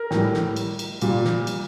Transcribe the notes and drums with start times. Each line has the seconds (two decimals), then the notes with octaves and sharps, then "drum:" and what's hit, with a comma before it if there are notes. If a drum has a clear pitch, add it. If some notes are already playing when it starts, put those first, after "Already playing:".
Already playing: A#4
0.11 A2, drum: snare
0.16 G3
0.34 drum: snare
0.56 drum: cymbal
0.79 drum: cymbal
1.01 A#2 G3, drum: cymbal
1.24 drum: snare
1.47 drum: cymbal